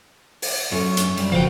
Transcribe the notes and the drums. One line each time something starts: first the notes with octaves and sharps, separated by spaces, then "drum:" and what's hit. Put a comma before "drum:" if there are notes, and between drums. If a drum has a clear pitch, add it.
drum: open hi-hat
F#2 C#4 A4 E5
drum: hi-hat
G3, drum: cymbal
F1 C#3 F3 C4 F#4 F5 G5